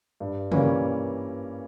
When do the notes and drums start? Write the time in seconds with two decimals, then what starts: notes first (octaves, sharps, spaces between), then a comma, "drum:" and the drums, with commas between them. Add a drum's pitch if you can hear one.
0.20 G2
0.52 E3 G3 A#3 C#4, drum: tom